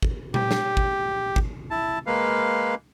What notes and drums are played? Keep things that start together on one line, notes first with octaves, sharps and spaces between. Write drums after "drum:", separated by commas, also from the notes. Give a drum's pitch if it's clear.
drum: kick
G4, drum: tom A#2
drum: snare
drum: kick
drum: kick
E4 A5
G#3 A#3 B4 F5